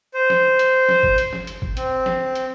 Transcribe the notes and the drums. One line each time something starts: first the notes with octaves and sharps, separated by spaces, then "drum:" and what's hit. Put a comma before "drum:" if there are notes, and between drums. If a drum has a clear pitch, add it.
C5
drum: snare
drum: hi-hat
drum: snare
drum: kick F#1
drum: hi-hat
drum: snare
drum: hi-hat
drum: kick F#1
C4, drum: hi-hat
drum: snare
drum: hi-hat